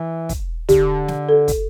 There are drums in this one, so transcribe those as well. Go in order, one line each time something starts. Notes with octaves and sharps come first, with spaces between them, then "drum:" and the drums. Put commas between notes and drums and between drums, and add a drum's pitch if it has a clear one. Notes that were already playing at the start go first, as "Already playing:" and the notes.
Already playing: E3
drum: kick, hi-hat
D3 G4, drum: kick, hi-hat
drum: snare
A4
drum: kick, hi-hat